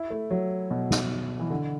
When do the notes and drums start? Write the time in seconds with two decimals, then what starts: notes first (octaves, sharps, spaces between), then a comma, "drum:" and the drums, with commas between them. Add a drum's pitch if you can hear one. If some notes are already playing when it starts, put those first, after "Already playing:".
Already playing: E4
0.10 A3
0.31 F#3
0.71 B2
0.91 drum: snare
1.40 E3
1.50 D3